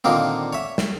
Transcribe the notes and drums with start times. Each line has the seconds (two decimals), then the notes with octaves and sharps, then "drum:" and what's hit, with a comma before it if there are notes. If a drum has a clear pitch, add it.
0.04 A#2 D3 D#3 A#3 C4
0.53 C#5 E5
0.78 drum: snare